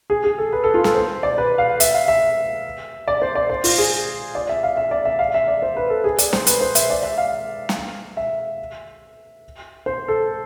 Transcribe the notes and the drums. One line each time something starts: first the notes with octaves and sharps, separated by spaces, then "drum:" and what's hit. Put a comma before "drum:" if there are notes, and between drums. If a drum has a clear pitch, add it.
G#4
G#4
A4
B4
A4
F4
A4, drum: snare
C5
D5
B4
F5
E5, drum: hi-hat
F5
E5
D5
C5
D5
C5
F4, drum: open hi-hat
G#4
D5
E5
F5
E5
D5
E5
F5
E5
D5
C5
B4
A4
G#4
D5, drum: hi-hat
C5, drum: snare
B4, drum: hi-hat
C5
E5, drum: hi-hat
D5
E5
F5
drum: snare
E5
C5
A4